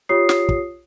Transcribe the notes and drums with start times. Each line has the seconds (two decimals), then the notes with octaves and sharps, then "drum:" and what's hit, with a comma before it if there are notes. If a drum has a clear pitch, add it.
0.09 F4 G4 C#5 D#6 C7
0.29 drum: snare
0.49 drum: kick